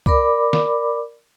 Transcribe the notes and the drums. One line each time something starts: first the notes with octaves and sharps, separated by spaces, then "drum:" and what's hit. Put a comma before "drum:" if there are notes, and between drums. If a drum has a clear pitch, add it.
A#4 D5 B5 D6, drum: kick
drum: snare